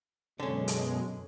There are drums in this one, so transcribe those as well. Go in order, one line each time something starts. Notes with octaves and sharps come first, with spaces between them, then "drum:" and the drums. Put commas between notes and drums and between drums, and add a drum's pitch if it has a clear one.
F#2 B2 D3 G#3 C#4
drum: hi-hat